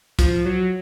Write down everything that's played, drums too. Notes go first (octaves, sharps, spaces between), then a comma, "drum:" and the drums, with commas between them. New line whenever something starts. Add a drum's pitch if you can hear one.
F3, drum: kick, hi-hat
F#3